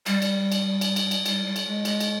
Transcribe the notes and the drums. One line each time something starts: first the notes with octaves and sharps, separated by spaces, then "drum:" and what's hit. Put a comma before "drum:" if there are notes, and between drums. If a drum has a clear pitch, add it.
G3, drum: cymbal
drum: cymbal
drum: cymbal
drum: cymbal
drum: cymbal
drum: cymbal
G3, drum: cymbal
G3
drum: cymbal
G#3
G#3, drum: cymbal
drum: cymbal